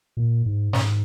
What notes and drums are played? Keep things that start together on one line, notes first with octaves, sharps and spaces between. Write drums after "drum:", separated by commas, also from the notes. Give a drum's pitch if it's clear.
A#2
G#2
G#2, drum: snare